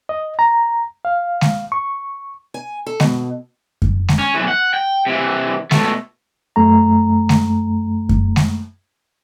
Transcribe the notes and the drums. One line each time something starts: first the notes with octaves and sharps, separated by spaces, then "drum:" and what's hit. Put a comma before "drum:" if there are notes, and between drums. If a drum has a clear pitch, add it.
D#5
A#5
F5
drum: snare G#3
C#6
G#5
A4
B2, drum: snare G#3
drum: kick F#2
drum: snare G#3
C#4
B1 E3
F#5
G5
C3 E3
B2 A3, drum: snare G#3
F#2 A3 A#5
drum: snare G#3
drum: kick F#2
drum: snare G#3